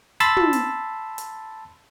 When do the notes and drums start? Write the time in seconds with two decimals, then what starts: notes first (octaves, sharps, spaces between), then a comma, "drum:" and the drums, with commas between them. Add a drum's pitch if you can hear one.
0.20 A5 B5 C6 E6 A6, drum: hi-hat
0.37 drum: tom
0.53 drum: hi-hat
1.18 drum: hi-hat